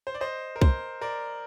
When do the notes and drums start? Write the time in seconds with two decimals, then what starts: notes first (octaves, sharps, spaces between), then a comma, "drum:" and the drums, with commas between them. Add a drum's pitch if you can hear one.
0.07 C5
0.15 D5
0.21 C5 D#5
0.56 A#4
0.61 C5, drum: kick
1.02 A#4 D5